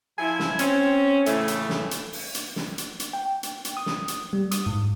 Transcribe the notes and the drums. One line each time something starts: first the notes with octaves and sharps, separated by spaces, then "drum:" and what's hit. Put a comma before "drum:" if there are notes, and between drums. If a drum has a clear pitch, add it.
F3 E4 G#5
drum: snare
C4 C#4, drum: hi-hat
A2 C#3 E3 A3, drum: hi-hat
drum: hi-hat
drum: snare
drum: hi-hat
drum: open hi-hat
drum: hi-hat
drum: snare
drum: hi-hat
drum: hi-hat
G5
drum: hi-hat
drum: hi-hat
D#6
drum: snare
drum: hi-hat
G3
D#6, drum: hi-hat
G#2